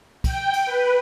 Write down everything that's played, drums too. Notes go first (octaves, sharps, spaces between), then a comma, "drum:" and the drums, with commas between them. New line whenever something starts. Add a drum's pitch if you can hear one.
G5, drum: kick, cymbal
drum: cymbal
B4